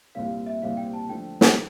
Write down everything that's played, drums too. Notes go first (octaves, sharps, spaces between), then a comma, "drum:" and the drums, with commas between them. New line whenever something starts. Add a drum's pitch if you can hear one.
C2 A#2 G3 C4 F5
E5
C2 A#2 G3 C4 F5
G5
A5
D3 F3 A3 G5
drum: snare